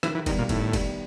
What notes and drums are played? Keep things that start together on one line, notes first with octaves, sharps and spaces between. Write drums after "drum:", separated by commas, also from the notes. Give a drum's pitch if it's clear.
D#3 E3, drum: rim click
E3
D#3 G3 B3, drum: kick, cymbal
A#2
A2 D#3, drum: kick, cymbal
G3 B3, drum: kick, cymbal